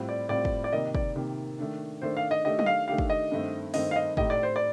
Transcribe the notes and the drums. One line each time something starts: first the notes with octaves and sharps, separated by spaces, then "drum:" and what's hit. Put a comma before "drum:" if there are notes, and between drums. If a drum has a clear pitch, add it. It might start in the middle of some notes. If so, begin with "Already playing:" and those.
Already playing: A2 G3 C4 F4
D5
A2 G3 C4 F4 D5
drum: kick
D5
C3 D#3 A#3 D#5
D5, drum: kick
C3 D#3 A#3
D#3 A3 D4
D#3 A3 D4 C5
F5
D#5
D#3 A3 D4 G4 D#5
D#5, drum: tom F#3
F5
D#3 A3 D4 G4 F5
drum: kick
D#5
G2 D#3 A3 C4
G2 D#3 A3 C4 D#5, drum: open hi-hat
F5
D#5
A2 A3 D#4 G4 D#5, drum: kick
D5
C5
D5